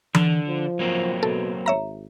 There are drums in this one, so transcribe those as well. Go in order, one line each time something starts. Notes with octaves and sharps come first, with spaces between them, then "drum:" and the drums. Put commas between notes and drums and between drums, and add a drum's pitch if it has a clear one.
D3 D4, drum: tom E3
F3
F#3 A#3 C4
B2 A4
G#1 C#5 E5 A#5